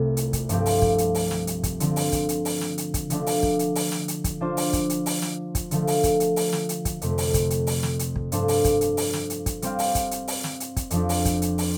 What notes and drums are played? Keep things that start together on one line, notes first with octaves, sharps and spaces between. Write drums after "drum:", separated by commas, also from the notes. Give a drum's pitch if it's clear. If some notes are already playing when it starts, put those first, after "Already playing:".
Already playing: C2 C3 A3 F4
drum: hi-hat
drum: kick, hi-hat
G2 F3 A3 C4 G4, drum: hi-hat
drum: open hi-hat
drum: kick
drum: hi-hat
drum: open hi-hat
drum: snare
drum: hi-hat
drum: kick, hi-hat
D3 F3 C4, drum: hi-hat
drum: open hi-hat
drum: kick, hi-hat
drum: hi-hat
drum: open hi-hat
drum: snare
drum: hi-hat
drum: kick, hi-hat
D3 F3 A3 D4, drum: hi-hat
drum: open hi-hat
drum: kick
drum: hi-hat
drum: open hi-hat
drum: snare
drum: hi-hat
drum: kick, hi-hat
F3 D4 F4 C5
drum: open hi-hat
drum: kick, hi-hat
drum: hi-hat
drum: open hi-hat
drum: snare
drum: kick, hi-hat
D3 F3 A3, drum: hi-hat
drum: open hi-hat
drum: kick, hi-hat
drum: hi-hat
drum: open hi-hat
drum: snare
drum: hi-hat
drum: kick, hi-hat
F2 C3 A3 C4, drum: hi-hat
drum: open hi-hat
drum: kick, hi-hat
drum: hi-hat
drum: open hi-hat
drum: snare
drum: hi-hat
drum: kick
G2 F3 D4 A4 C5, drum: hi-hat
drum: open hi-hat
drum: kick, hi-hat
drum: hi-hat
drum: open hi-hat
drum: snare
drum: hi-hat
drum: kick, hi-hat
G3 C4 G4 F5, drum: hi-hat
drum: open hi-hat
drum: kick, hi-hat
drum: hi-hat
drum: open hi-hat
drum: snare
drum: hi-hat
drum: kick, hi-hat
F2 F3 D4, drum: hi-hat
drum: open hi-hat
drum: kick, hi-hat
drum: hi-hat
drum: open hi-hat